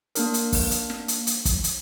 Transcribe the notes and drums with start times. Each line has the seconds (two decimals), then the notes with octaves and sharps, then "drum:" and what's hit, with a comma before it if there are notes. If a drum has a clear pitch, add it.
0.15 A#3 D4 A#4, drum: hi-hat
0.34 drum: hi-hat
0.52 drum: kick, open hi-hat
0.71 drum: hi-hat
0.90 drum: snare
1.08 drum: hi-hat
1.27 drum: hi-hat
1.45 drum: kick, hi-hat
1.64 drum: hi-hat